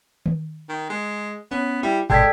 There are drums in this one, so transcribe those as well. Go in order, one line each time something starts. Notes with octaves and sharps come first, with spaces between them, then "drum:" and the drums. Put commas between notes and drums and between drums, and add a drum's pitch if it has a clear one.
drum: tom D#3
D#3
G#3
B3 C#4
G3 E4
G#1 G#3 A4 D5 G5 G#6 B6, drum: tom A#2